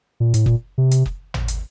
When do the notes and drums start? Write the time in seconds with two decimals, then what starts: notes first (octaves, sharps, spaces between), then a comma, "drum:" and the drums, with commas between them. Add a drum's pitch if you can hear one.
0.20 A#2
0.34 A2, drum: hi-hat
0.46 A#2, drum: kick
0.78 C3
0.91 drum: hi-hat
1.06 drum: kick
1.34 drum: tom
1.48 drum: hi-hat